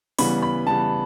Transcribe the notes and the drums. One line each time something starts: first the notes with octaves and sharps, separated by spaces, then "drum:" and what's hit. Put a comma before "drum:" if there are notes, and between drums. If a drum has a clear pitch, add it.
C#3 E3 G3 B3 B5, drum: open hi-hat
B5
C#3 E3 G3 B3 A5